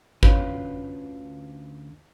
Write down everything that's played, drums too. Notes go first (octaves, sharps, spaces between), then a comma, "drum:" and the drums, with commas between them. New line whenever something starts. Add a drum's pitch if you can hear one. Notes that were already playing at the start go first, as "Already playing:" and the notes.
D2 D3 C#4 F4 B4, drum: kick